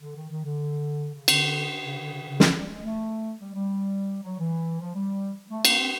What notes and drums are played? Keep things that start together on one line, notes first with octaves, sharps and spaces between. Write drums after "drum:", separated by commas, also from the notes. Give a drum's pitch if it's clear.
D3
D#3
D#3
D3
C#3
D3, drum: cymbal
C#3
D3
C#3
D3
C#3
drum: snare
G3
G#3
A3
G3
G3
F#3
E3
F3
G3
A3
A#3, drum: cymbal
C4